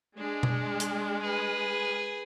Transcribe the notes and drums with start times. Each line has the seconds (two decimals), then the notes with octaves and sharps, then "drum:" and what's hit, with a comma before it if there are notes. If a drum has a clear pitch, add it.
0.18 G#3 D4
0.43 drum: tom B2
0.80 drum: hi-hat
1.22 G#4 B4